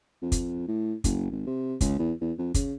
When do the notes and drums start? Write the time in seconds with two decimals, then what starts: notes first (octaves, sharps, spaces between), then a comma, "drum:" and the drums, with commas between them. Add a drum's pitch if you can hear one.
0.22 F2
0.32 drum: kick, hi-hat
0.68 A2
1.04 F#1, drum: kick, hi-hat
1.32 G#1
1.46 C3
1.81 C#2, drum: kick, hi-hat
1.99 E2
2.21 E2
2.38 F2
2.54 C#3, drum: kick, hi-hat